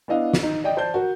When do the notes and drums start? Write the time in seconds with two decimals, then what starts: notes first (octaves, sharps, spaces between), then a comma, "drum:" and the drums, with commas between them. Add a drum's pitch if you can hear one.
0.08 B3 D4 E4 D#5 F5
0.33 drum: snare
0.43 D#4
0.64 D5 D#5 G5
0.77 C5 D5 A5 G6
0.94 F#4 A#4